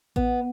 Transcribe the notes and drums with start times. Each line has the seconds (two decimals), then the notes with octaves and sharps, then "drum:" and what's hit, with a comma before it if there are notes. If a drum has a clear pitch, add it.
0.16 B3, drum: kick A1